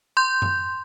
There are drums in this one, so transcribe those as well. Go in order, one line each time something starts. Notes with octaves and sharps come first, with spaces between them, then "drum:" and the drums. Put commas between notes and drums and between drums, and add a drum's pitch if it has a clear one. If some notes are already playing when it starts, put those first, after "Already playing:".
C6 G6
drum: tom F#2